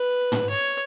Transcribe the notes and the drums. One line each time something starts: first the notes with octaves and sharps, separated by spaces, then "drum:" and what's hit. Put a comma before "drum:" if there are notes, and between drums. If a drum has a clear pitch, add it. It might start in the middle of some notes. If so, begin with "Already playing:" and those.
Already playing: B4
drum: tom
C#5